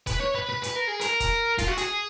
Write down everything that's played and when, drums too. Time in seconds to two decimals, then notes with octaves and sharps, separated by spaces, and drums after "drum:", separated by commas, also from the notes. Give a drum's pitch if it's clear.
0.07 B4, drum: kick E1, hi-hat
0.21 C#5
0.35 B4
0.50 B4
0.63 B4, drum: hi-hat
0.76 A#4
0.89 G#4
1.01 A#4, drum: hi-hat
1.20 drum: kick E1, hi-hat
1.58 F4, drum: kick E1, hi-hat
1.67 F#4
1.77 G#4, drum: hi-hat